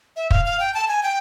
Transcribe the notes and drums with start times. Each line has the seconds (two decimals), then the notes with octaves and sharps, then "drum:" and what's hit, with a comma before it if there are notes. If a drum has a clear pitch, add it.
0.16 E5
0.31 F5, drum: kick
0.45 F5
0.60 G5
0.74 A5
0.88 G#5
1.03 G5